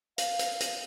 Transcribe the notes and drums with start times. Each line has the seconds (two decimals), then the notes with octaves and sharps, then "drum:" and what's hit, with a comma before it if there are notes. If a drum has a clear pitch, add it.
0.18 F5, drum: hi-hat
0.39 drum: hi-hat
0.60 drum: hi-hat